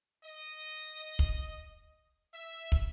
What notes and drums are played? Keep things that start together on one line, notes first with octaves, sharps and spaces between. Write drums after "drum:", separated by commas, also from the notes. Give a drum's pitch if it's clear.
D#5
drum: kick
E5
drum: kick